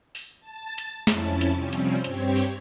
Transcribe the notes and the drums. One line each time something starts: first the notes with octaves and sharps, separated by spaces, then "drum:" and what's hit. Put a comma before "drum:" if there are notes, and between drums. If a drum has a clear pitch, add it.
drum: open hi-hat
A5 A6
drum: hi-hat
F2 C#4 E4 A5, drum: snare
drum: hi-hat
C3 F3 G3 C4 C#4
drum: hi-hat
G2 C4 G4 C#5 G#6, drum: hi-hat
drum: open hi-hat